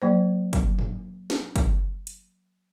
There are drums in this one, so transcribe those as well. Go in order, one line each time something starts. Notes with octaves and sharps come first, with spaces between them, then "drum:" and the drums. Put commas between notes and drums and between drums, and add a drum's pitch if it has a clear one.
F#3 A#3 C5
drum: kick, hi-hat
drum: tom F#2
drum: snare
drum: kick, hi-hat
drum: hi-hat